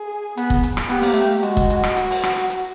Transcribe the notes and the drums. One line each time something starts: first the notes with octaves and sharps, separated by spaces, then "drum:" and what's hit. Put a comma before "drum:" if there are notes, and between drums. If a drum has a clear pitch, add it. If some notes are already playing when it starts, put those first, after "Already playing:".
Already playing: G#4
B3, drum: hi-hat
drum: kick
drum: hi-hat
drum: rim click
B3 G4, drum: hi-hat
A#3, drum: open hi-hat
A3
A#3
G#3 F#4, drum: hi-hat
drum: kick, hi-hat
drum: hi-hat
drum: rim click
drum: hi-hat
drum: open hi-hat
drum: rim click
drum: hi-hat
drum: hi-hat